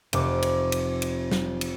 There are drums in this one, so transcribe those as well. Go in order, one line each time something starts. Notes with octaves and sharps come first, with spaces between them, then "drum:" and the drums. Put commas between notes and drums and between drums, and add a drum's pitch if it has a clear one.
F1 D6, drum: cymbal
drum: cymbal
drum: cymbal
drum: cymbal
drum: snare
drum: cymbal